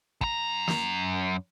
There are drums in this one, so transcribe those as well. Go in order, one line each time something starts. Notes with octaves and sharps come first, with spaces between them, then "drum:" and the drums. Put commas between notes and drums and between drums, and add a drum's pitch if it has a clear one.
F#2 A#5, drum: kick
drum: snare